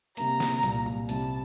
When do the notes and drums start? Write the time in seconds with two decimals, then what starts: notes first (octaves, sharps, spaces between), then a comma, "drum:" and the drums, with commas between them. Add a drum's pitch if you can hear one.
0.17 C3 G3 A#3 A#5, drum: hi-hat
0.40 drum: snare
0.63 C2 A#2 G3, drum: hi-hat
0.86 drum: tom
1.09 C2 C3 G3 A5, drum: hi-hat